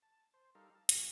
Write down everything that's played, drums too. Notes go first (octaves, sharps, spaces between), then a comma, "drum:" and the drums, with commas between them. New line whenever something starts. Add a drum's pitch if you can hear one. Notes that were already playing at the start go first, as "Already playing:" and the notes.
A5
C5
G3 D#4 A4 A#4 F5
A5
F2 A#2 C#4 G4 F5 G#5, drum: hi-hat